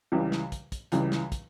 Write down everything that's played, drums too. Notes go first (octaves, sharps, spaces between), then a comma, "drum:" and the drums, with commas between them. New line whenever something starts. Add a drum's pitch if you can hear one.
C#2 C#3 E3 G3
drum: snare
drum: kick, hi-hat
drum: kick, hi-hat
C#2 C#3 E3 G3, drum: hi-hat
drum: snare
drum: kick, hi-hat